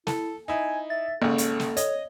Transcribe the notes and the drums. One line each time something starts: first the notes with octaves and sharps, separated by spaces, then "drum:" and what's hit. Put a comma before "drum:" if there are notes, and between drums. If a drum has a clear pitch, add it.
E4 A4, drum: snare
D#4 E4 G#5
E5 A6
G#1 C#3 A#3 A4
drum: hi-hat
drum: snare
C#5 D#5, drum: hi-hat